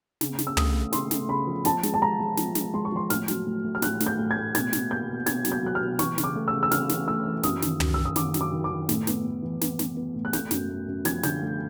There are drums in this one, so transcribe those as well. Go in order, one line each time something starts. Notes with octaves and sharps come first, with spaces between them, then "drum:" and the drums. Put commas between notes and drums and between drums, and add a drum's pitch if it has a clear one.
C#3, drum: snare
C#3, drum: snare
E6
A3 D#6, drum: tom
A3
C#3 C6, drum: snare
A3, drum: snare
C#3 B5
F3
F3 A5, drum: snare
G#3, drum: snare
A5
G#3 A#5
G#3
F3, drum: snare
G#3, drum: snare
G#3 C6
C#6
F3 C6
A2 F6, drum: snare
F#3, drum: snare
A2
A3
F6
A2 F#6, drum: snare
A3, drum: snare
G6
A2
G#6
A2
B2 G#6, drum: snare
B2, drum: snare
A#3 G6
B2
B2 G#6, drum: snare
F#3, drum: snare
G6
F#3 F#6
F6
B2
E3 C#6, drum: snare
C#3, drum: snare
D6
A3
E6
C#3
E6
C#3 F6, drum: snare
E3, drum: snare
A3 E6
E3
F#2 D#6, drum: snare
D#3, drum: snare
F#2, drum: tom
F#2 E6
D#6
D#3 D6, drum: snare
F#3, drum: snare
D6
D#3
D6
D#3
A2, drum: snare
B3, drum: snare
A2
E3
B3, drum: snare
B3, drum: snare
B3
A2
F#6
A3 G6, drum: snare
F#2, drum: snare
A3
F#2
F3 G#6, drum: snare
D3 G6, drum: snare
A3